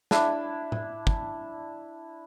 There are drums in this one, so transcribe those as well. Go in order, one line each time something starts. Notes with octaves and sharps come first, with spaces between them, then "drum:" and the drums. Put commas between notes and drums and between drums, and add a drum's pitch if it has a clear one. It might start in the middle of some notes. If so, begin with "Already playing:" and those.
D4 E4, drum: snare
drum: tom A2
drum: kick